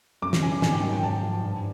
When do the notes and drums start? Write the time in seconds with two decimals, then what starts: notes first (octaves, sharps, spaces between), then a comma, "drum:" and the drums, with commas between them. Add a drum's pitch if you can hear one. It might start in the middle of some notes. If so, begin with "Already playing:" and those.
0.22 F#2 D6
0.33 drum: snare
0.42 C#3 E3 G#5
0.62 G#2 G#5, drum: snare
0.73 G5
0.83 D#3 F#3
0.93 G5
1.02 G#2 A5
1.23 F3
1.43 G2